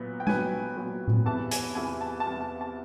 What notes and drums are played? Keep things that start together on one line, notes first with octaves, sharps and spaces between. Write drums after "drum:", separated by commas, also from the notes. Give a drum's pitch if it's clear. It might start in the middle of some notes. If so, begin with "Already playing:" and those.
Already playing: A#2 F#3 B3
G5
A#2 F#3 B3 G#5, drum: tom G#3
A#2 F#3 B3
drum: tom A2
E2 C3 E3 G3 B3 A5
G#5, drum: hi-hat
E2 C3 E3 G3 B3 G#5
A5
A5
E2 C3 E3 G3 B3
A5
A5